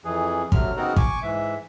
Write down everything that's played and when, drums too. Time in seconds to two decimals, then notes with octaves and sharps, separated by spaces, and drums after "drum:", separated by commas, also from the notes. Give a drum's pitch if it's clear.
0.04 F2 E3 G#4
0.52 D2 C3 F#3 F6, drum: kick
0.76 C#3 B3 C4 D#4 F#4 A#4
0.96 G#5 C#6 D6, drum: kick
1.22 G#2 E3 E5